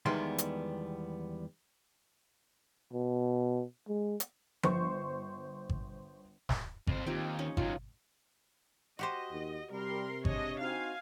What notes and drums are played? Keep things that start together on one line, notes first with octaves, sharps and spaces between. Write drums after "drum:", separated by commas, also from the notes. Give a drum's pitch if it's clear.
E2 D#3 G3 G#3 B3 C6
drum: hi-hat
B2
G#3
drum: hi-hat
G1 C5 C#6, drum: tom F3
drum: kick G#1
drum: snare
F2 C5, drum: kick G#1
D#2 C4 F4 G4
C#4 D#4 C#5
D#3 F#3 F4, drum: kick G#1
F#4 G4 C5 D#5
D#2
C3 G3 A#4 C6
G#3 D4 C#5 D#5, drum: kick G#1
C4 D#4 F#4 F5 G#5